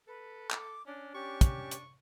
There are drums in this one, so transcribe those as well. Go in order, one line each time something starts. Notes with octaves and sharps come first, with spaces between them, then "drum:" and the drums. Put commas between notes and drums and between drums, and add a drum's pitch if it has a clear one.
A4 B4
D6, drum: clap
C#4 D4
C#4 G4 C#6
drum: kick, hi-hat
drum: hi-hat